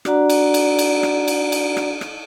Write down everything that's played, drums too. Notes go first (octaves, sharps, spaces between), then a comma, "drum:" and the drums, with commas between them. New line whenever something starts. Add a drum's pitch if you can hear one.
D4 F#4 D5 F#5 A#5, drum: rim click
drum: cymbal
drum: cymbal
drum: cymbal
drum: rim click
drum: cymbal
drum: cymbal
drum: rim click
drum: rim click